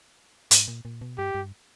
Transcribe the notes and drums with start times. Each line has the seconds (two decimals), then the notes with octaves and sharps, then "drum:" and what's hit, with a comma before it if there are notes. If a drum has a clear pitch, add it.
0.51 G#2, drum: hi-hat
0.68 A#2
0.85 A#2
1.01 B2
1.18 G2 G4
1.35 G2